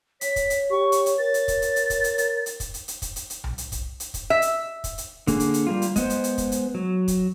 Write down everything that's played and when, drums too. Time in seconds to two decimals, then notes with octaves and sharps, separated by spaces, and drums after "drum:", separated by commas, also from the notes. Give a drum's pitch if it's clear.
0.21 C#5 B6, drum: hi-hat
0.36 drum: kick, hi-hat
0.50 drum: hi-hat
0.71 G4 C#6
0.92 drum: hi-hat
1.06 drum: hi-hat
1.19 A#4 A6
1.34 drum: hi-hat
1.48 drum: kick, hi-hat
1.62 drum: hi-hat
1.76 drum: hi-hat
1.90 drum: kick, hi-hat
2.04 drum: hi-hat
2.18 drum: hi-hat
2.46 drum: hi-hat
2.60 drum: kick, hi-hat
2.74 drum: hi-hat
2.88 drum: hi-hat
3.02 drum: kick, hi-hat
3.16 drum: hi-hat
3.30 drum: hi-hat
3.44 drum: tom B1
3.58 drum: hi-hat
3.72 drum: kick, hi-hat
4.00 drum: hi-hat
4.14 drum: kick, hi-hat
4.30 E5
4.42 drum: hi-hat
4.84 drum: kick, hi-hat
4.98 drum: hi-hat
5.27 D3 A#3 G#4, drum: kick, hi-hat
5.40 drum: hi-hat
5.54 drum: hi-hat
5.67 G3 A#3 F4
5.82 drum: hi-hat
5.96 G#3 B3 C5, drum: kick, hi-hat
6.10 drum: hi-hat
6.24 drum: hi-hat
6.38 drum: kick, hi-hat
6.52 drum: hi-hat
6.75 F#3
7.08 drum: kick, hi-hat